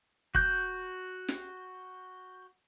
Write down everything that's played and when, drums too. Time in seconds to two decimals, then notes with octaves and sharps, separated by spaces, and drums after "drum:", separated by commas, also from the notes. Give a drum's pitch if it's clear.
0.35 F#4 G6, drum: kick
1.28 drum: snare